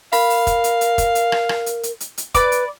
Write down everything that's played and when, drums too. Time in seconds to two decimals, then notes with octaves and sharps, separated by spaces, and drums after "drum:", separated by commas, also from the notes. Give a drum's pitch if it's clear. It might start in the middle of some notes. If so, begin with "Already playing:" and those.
0.13 A#4 F5 B5, drum: open hi-hat
0.30 drum: open hi-hat
0.47 drum: kick, hi-hat
0.64 drum: hi-hat
0.81 drum: hi-hat
0.98 drum: kick, hi-hat
1.15 drum: hi-hat
1.32 drum: rim click
1.49 drum: rim click
1.66 drum: hi-hat
1.83 drum: hi-hat
2.00 drum: hi-hat
2.18 drum: hi-hat
2.35 B4 D5 B5 D6, drum: kick, hi-hat
2.52 drum: hi-hat